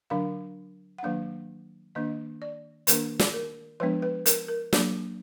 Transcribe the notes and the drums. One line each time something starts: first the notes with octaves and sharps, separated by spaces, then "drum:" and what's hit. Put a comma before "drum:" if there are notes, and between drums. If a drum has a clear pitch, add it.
D3 F#3 D4 F5
F#5
D#3 F#3 A#3 D4 F5
D#3 A#3 D4 D#5
D5
D#3 A#3 D4 A#4, drum: hi-hat
drum: snare
A#4
F3 G#3 B3 D4 B4
B4
A#4, drum: hi-hat
A#4
F#3 A#3 D4, drum: snare